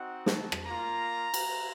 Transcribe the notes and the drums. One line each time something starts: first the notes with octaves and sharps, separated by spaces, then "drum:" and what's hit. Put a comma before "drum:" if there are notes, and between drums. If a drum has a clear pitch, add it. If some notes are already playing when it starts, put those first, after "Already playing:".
Already playing: C4 D#4 F#4 F#5
A5, drum: snare
drum: rim click
A#3 F4 A#5
drum: cymbal